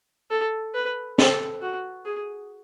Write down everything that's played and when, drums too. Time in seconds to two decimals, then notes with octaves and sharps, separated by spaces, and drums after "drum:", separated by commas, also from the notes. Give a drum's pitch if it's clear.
0.30 A4
0.74 B4
1.18 A4, drum: snare
1.62 F#4
2.06 G#4